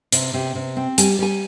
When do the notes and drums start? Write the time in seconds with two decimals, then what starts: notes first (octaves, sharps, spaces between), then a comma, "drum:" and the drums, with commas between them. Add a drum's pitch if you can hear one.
0.12 C3, drum: hi-hat
0.34 C3
0.55 C3
0.77 C4
0.98 G3 G#5, drum: hi-hat
1.19 G3 G#5